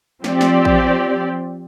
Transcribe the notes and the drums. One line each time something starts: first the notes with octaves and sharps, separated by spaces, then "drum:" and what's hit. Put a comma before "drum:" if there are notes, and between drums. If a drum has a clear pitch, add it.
F3 C4 G4 D5, drum: snare
drum: snare
drum: kick